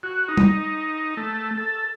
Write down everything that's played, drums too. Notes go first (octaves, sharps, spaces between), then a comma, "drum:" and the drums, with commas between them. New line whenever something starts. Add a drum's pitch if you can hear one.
F#4
D#4
drum: tom G3
A3
A4